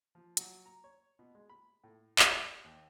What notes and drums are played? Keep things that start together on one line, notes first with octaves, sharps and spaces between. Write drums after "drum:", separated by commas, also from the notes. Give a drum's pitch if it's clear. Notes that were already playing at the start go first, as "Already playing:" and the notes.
F3
F#3, drum: hi-hat
A#5
C#5
B2
G#3
B5
A2
A3, drum: clap
G4
D#2